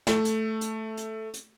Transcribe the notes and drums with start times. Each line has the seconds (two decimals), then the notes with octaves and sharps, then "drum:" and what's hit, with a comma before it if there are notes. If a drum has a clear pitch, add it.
0.07 A3, drum: snare
0.25 drum: hi-hat
0.61 drum: hi-hat
0.97 drum: hi-hat
1.34 drum: hi-hat